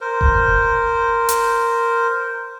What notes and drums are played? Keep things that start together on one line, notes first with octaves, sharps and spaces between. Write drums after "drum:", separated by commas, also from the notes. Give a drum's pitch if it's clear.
A#4 C5
drum: kick E1
drum: hi-hat